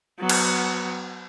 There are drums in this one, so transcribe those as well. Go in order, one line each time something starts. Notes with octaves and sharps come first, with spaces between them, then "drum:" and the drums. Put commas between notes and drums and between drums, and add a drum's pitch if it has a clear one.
F#3 B3
drum: cymbal